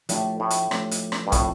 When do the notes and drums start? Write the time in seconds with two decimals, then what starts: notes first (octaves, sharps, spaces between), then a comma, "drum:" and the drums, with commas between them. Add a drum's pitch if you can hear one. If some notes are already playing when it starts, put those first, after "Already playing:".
0.09 A2 F3 A3 D4 G4, drum: hi-hat
0.40 A2
0.50 drum: hi-hat
0.71 F3 A3 D4 G4, drum: rim click
0.91 drum: hi-hat
1.12 drum: rim click
1.27 G2
1.32 A2 F3 C4 F4 A4, drum: kick, hi-hat